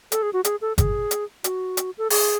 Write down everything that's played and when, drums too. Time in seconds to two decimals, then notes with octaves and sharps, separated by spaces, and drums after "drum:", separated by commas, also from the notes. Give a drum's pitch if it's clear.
0.12 A4, drum: hi-hat
0.23 G#4
0.33 F#4
0.44 G#4, drum: hi-hat
0.61 A4
0.78 G#4, drum: kick G1, hi-hat
1.11 drum: hi-hat
1.44 F#4, drum: hi-hat
1.77 drum: hi-hat
1.98 A4
2.10 G#4, drum: open hi-hat